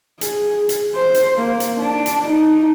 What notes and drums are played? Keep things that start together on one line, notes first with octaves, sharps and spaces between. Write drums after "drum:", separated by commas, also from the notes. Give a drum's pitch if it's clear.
G#4, drum: hi-hat
drum: hi-hat
C5
drum: hi-hat
A#3
drum: hi-hat
D4
drum: hi-hat
D#4